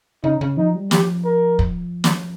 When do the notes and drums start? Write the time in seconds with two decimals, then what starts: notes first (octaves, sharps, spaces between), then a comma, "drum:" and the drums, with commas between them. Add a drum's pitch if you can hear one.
0.24 C#3 D#4
0.41 C#3
0.57 F3 D#4
0.75 G3
0.91 F3 G4, drum: snare
1.25 A#4
1.59 drum: kick
2.04 drum: snare